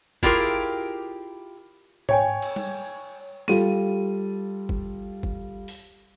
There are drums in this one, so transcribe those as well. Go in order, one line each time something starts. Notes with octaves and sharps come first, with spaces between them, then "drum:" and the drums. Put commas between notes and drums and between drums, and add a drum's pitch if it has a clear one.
E4 F4 G4 G#4 A#4, drum: kick G1
C#5 G5 G#5, drum: tom G#2
drum: cymbal
drum: tom G3
G3 F4 A4 D#7, drum: snare
drum: kick G1
drum: kick G1
drum: open hi-hat